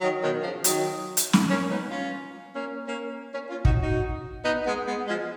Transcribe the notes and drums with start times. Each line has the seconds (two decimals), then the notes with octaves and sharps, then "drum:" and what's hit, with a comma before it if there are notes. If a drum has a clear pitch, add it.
0.01 D#3 F#3
0.22 B2 D#3
0.43 C#3 F3
0.64 D#3 F#3, drum: hi-hat
1.17 drum: hi-hat
1.33 drum: snare
1.48 A#3 C#4
1.70 B3 D#4
1.91 C#4 F4
2.54 A#3 C#4
2.86 A#3 C#4
3.33 A#3 C#4
3.49 C#4 F4
3.65 D#4 F#4, drum: kick
3.81 D#4 F#4
4.44 B3 D#4
4.65 G#3 B3
4.86 G#3 B3
5.07 F3 G#3